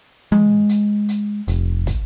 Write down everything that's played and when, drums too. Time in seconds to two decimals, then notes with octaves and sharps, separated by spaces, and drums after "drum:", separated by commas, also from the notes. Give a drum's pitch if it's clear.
0.32 G#3, drum: tom E3
0.69 drum: hi-hat
1.08 drum: hi-hat
1.48 F1, drum: hi-hat
1.87 drum: kick, hi-hat